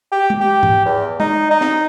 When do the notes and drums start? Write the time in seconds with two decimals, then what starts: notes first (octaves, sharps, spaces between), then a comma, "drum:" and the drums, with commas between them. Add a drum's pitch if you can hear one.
0.12 G4
0.30 drum: tom
0.41 G4
0.63 drum: tom G#2
0.85 E2
1.20 D#4, drum: tom
1.51 D#4
1.61 drum: snare